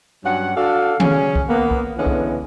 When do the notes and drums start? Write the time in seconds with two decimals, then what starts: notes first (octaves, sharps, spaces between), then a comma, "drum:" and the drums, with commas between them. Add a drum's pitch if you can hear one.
0.25 G2 F#3 C#4 F#5
0.56 D4 F#4 A4 F5
1.00 C#3 C#4, drum: tom D#3
1.35 drum: kick C2
1.48 A#3 B3
1.71 drum: kick C2
1.97 D3 E3 G#3 B3 C#4
2.06 drum: kick C2